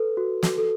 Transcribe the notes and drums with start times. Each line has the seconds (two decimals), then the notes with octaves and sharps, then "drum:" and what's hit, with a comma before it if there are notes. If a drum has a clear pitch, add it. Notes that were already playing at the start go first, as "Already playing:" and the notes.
Already playing: A4 B4
0.17 F#4
0.43 F#4, drum: snare
0.58 A4